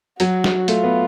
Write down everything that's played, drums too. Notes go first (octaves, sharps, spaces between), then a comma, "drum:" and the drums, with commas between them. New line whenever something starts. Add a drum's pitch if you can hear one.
F#3 F#4, drum: hi-hat
drum: snare
A3 F4, drum: hi-hat
B3